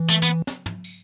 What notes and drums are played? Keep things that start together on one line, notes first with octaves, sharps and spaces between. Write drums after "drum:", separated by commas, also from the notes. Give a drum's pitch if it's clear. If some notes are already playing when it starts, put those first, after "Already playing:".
Already playing: E3
A3, drum: tambourine
B3
drum: snare
drum: tom
drum: tambourine